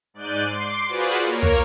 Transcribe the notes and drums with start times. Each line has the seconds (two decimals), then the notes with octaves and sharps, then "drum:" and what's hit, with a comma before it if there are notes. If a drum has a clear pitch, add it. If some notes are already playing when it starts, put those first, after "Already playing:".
0.14 G#2 D5 F#6 G6 D#7
0.44 C6 D6 C7
0.88 F4 F#4 G#4 B4 C5 D5
1.22 A#3 A#4 C#5
1.42 drum: tom